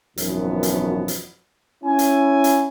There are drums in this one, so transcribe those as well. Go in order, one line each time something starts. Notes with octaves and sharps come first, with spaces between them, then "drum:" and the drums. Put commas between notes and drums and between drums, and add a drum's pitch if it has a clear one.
G#1 F#2 B2 E3 F3 B3, drum: hi-hat
drum: hi-hat
drum: hi-hat
C#4 E4 G#5
drum: hi-hat
drum: hi-hat